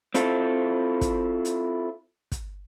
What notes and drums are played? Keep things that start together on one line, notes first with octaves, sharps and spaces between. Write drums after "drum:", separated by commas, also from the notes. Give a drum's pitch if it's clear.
C4 E4 F4 A4, drum: hi-hat
drum: kick, hi-hat
drum: hi-hat
drum: kick, hi-hat